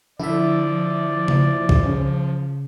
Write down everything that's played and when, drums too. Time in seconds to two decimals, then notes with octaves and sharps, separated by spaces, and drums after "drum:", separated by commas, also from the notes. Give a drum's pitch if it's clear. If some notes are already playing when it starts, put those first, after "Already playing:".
0.20 D3 F3 E4 D5 E5
1.28 drum: tom C#3
1.69 drum: kick
1.85 C#3